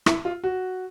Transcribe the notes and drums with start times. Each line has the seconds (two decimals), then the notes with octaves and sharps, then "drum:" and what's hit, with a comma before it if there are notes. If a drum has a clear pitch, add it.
0.06 E4, drum: rim click
0.25 F4
0.44 F#4